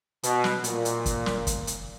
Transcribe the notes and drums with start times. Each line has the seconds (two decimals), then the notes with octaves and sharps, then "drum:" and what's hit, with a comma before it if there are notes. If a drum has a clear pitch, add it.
0.23 B2, drum: hi-hat
0.44 drum: snare
0.64 A#2, drum: hi-hat
0.85 drum: hi-hat
1.06 drum: kick, hi-hat
1.26 drum: snare
1.47 drum: kick, hi-hat
1.67 drum: hi-hat